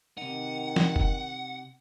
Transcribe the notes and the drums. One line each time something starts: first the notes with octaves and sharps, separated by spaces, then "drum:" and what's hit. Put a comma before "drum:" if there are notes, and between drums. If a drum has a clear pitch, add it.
C3 D#3 D#4 F#5
drum: snare
drum: kick F1